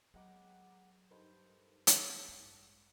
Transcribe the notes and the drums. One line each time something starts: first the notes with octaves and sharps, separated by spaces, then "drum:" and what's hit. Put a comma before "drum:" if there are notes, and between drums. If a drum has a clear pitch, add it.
F#3 G#3 B3 F#5 G5 A#5 D6
G2 D#4 A4 A#4 C5
drum: hi-hat
A1 G2 G#3